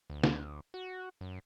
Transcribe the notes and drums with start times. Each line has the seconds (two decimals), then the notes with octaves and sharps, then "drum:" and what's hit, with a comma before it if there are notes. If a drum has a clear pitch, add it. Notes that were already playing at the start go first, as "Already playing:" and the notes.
0.10 D2
0.23 drum: snare
0.74 F#4
1.21 F#2